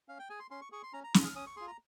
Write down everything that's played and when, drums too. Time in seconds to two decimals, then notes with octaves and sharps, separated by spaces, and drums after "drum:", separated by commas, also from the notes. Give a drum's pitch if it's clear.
0.08 C#4 F5
0.19 G5
0.30 G#4 G#5
0.40 C6
0.51 C#4 C6
0.62 C#6
0.72 G#4 C#6
0.83 C6
0.93 C#4 A#5
1.04 A#5
1.14 F4 G#4 D#6, drum: snare
1.24 F6
1.35 C#4 D#6
1.46 C#6
1.56 F4 G#4 C6
1.68 A#5